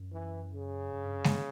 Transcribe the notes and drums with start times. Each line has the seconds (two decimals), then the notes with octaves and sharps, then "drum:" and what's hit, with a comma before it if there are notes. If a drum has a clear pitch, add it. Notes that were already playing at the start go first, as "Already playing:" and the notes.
Already playing: F#2
0.12 E3
0.53 C#3
0.93 F#2
1.04 G2
1.15 F#2
1.24 G2, drum: snare G#3